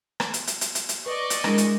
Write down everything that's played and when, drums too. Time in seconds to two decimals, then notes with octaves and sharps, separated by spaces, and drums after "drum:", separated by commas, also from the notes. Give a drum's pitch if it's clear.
0.20 drum: rim click
0.34 drum: hi-hat
0.47 drum: hi-hat
0.61 drum: hi-hat
0.75 drum: hi-hat
0.89 drum: hi-hat
1.06 B4 D5 D#5 C#6
1.30 drum: hi-hat
1.44 G#3 D4 E4 A#4, drum: rim click
1.58 drum: hi-hat